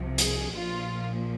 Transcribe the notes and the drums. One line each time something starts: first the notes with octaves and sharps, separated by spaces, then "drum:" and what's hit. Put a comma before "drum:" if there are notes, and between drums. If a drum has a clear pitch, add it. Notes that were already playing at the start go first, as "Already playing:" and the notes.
Already playing: C2 C3 F3
G#4, drum: hi-hat
A#1 A#2 F3 F4